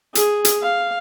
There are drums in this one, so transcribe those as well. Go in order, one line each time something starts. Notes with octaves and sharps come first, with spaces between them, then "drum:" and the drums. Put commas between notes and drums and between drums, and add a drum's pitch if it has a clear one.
G#4, drum: hi-hat
drum: hi-hat
F5